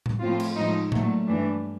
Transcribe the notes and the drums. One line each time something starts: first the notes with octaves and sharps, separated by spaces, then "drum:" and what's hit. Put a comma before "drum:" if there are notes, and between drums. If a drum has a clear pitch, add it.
drum: tom A2
A2 F3 A3 C4 F4
drum: cymbal
A2 F3 G#3 D#4
A#2 F#3 A3, drum: tom A2
G2 E3 A3 D4